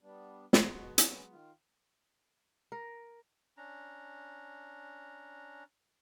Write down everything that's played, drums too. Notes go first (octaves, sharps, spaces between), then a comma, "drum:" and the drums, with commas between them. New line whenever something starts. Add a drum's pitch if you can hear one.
G3 B3 D4
F#3 G#3 B3, drum: snare
B2 F#4
C#4 B4, drum: hi-hat
D#3 F4
A#4
C#4 D4 A#5